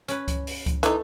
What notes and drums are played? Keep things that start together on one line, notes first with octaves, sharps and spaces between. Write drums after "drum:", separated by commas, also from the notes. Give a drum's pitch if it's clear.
C#4 B4, drum: hi-hat
drum: kick C#2, hi-hat
drum: open hi-hat
drum: kick C#2, hi-hat
E3 A3 D#4, drum: hi-hat